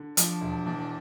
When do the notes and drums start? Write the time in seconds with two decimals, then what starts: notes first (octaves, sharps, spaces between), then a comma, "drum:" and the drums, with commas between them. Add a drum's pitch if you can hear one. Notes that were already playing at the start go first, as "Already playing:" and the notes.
Already playing: D3
0.17 F3 D4, drum: hi-hat
0.41 E1
0.66 E2